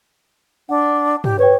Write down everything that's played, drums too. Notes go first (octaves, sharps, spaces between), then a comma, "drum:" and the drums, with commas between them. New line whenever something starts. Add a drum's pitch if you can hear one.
D4 F#5
G4, drum: tom
B4 C#5 G5